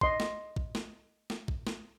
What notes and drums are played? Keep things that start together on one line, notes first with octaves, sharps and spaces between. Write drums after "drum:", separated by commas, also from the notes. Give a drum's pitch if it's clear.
D#5 C6, drum: kick
drum: snare
drum: kick
drum: snare
drum: snare
drum: kick
drum: snare